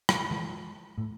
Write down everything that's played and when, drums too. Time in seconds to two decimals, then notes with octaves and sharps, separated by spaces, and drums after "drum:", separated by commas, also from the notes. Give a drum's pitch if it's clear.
0.09 drum: rim click
0.31 E3 G#3
0.98 A2